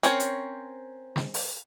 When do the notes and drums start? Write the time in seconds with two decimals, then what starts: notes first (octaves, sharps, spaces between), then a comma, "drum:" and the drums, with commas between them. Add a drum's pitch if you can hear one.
0.03 C4 C#4 A#4 C5 C#5, drum: hi-hat
0.20 drum: hi-hat
1.16 drum: snare
1.34 drum: open hi-hat